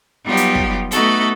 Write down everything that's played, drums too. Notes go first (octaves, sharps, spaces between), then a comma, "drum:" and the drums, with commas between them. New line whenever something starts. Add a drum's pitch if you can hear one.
F#3 G3 B3 D#4 F4 G4
drum: hi-hat
drum: kick
A3 B3 D#4 F#4 A4, drum: hi-hat